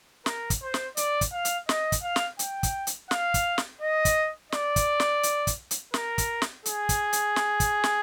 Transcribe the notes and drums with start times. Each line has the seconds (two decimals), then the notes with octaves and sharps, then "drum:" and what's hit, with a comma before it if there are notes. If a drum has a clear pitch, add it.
0.26 A#4, drum: snare
0.50 drum: kick, hi-hat
0.63 C5
0.74 drum: snare
0.97 D5, drum: hi-hat
1.21 drum: kick, hi-hat
1.33 F5
1.45 drum: hi-hat
1.69 D#5, drum: snare
1.92 drum: kick, hi-hat
2.03 F5
2.16 drum: snare
2.39 G5, drum: hi-hat
2.63 drum: kick, hi-hat
2.87 drum: hi-hat
3.11 F5, drum: snare
3.34 drum: kick, hi-hat
3.58 drum: snare
3.81 D#5
4.05 drum: kick, hi-hat
4.52 D5, drum: snare
4.76 drum: kick, hi-hat
5.00 drum: snare
5.23 drum: hi-hat
5.47 drum: kick, hi-hat
5.71 drum: hi-hat
5.94 A#4, drum: snare
6.18 drum: kick, hi-hat
6.42 drum: snare
6.66 G#4, drum: hi-hat
6.89 drum: kick, hi-hat
7.13 drum: hi-hat
7.36 drum: snare
7.60 drum: kick, hi-hat
7.84 drum: snare